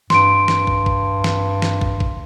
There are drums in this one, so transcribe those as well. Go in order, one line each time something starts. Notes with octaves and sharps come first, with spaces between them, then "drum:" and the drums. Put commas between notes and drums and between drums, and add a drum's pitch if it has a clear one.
G2 C6 D7, drum: snare
drum: snare
drum: kick
drum: kick
drum: snare
drum: snare
drum: kick
drum: kick